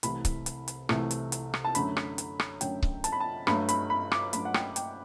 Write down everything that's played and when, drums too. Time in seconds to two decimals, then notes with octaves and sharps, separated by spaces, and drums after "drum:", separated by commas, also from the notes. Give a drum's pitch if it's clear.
0.03 C2 C3 E3 A3 B5, drum: hi-hat
0.25 drum: kick C#1, hi-hat
0.46 drum: hi-hat
0.68 drum: hi-hat
0.89 C2 C3 E3 A3, drum: rim click
1.11 drum: hi-hat
1.32 drum: hi-hat
1.54 drum: rim click
1.65 A5
1.75 F#2 D3 F#3 A3 B5, drum: hi-hat
1.97 drum: rim click
2.18 drum: hi-hat
2.40 drum: rim click
2.61 F#2 D3 F#3 A3 G5, drum: hi-hat
2.83 drum: kick C#1
3.04 A5, drum: hi-hat
3.12 B5
3.20 A5
3.47 G2 F#3 A3 B5, drum: rim click
3.69 B5, drum: hi-hat
3.90 B5
4.12 D6, drum: rim click
4.33 G2 F#3 A3 B5, drum: hi-hat
4.45 F#5
4.54 G5, drum: rim click
4.76 G5, drum: hi-hat